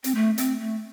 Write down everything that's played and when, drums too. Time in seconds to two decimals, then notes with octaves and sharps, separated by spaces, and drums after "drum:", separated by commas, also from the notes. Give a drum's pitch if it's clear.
0.04 C4, drum: hi-hat
0.15 A3
0.38 C4, drum: hi-hat
0.60 A3